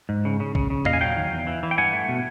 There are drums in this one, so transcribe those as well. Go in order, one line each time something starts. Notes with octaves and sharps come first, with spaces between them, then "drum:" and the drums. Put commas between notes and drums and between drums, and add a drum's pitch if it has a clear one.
G#2
C#3
C#3
C#3, drum: kick A#1
C#3
A#2 D#5 F5, drum: tom E2
G#5
F#3 F5 G5
D#3
E2
E3
E3
G5
G2 F#5 G#5
A3
B2